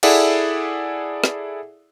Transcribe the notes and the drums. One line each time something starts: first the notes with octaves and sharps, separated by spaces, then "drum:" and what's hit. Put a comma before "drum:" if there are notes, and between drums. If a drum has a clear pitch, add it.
E4 G#4 A4 D5 E5 F#5, drum: cymbal
drum: snare